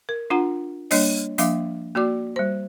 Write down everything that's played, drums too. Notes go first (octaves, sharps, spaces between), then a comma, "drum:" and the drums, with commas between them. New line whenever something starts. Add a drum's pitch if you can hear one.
A#4
D4 F4 F#5 A#5
G3 A#3 D4 C#5 D#5, drum: open hi-hat
F3 A#3 D4 E5 F5 D6, drum: hi-hat
A#3 F#4 D5 D6
G3 C5